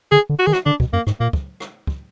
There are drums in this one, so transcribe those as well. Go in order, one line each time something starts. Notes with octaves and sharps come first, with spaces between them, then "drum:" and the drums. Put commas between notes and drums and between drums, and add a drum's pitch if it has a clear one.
D3 G#4
D3
F#4
D#3 G#4
F#4, drum: rim click
D3 D4
B2, drum: kick
F#2 A#3
G#2, drum: rim click
A#2 A#3
drum: kick
drum: rim click
drum: kick